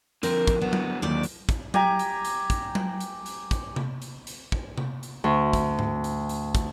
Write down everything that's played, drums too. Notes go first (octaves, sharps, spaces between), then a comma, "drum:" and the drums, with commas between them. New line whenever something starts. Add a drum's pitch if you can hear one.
D3 F3 C4 A#4, drum: hi-hat
drum: kick, hi-hat
D3 F#3 B3
drum: tom F#3
D#2 G4 D5
drum: hi-hat
drum: kick, hi-hat
G4 G#5 A#5, drum: tom F#3
drum: hi-hat
drum: hi-hat
drum: kick, hi-hat
drum: tom F#3
drum: hi-hat
drum: hi-hat
drum: kick, hi-hat
drum: tom C3
drum: hi-hat
drum: hi-hat
drum: kick
drum: tom C3
drum: hi-hat
D2
drum: kick, hi-hat
drum: tom G#2
drum: hi-hat
drum: hi-hat
drum: kick, hi-hat